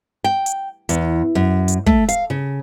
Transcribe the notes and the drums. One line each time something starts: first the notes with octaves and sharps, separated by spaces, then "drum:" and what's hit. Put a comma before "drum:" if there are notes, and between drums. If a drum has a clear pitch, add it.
G5
drum: hi-hat
E2, drum: hi-hat
F#2
drum: hi-hat
A3, drum: kick
F5, drum: hi-hat
C#3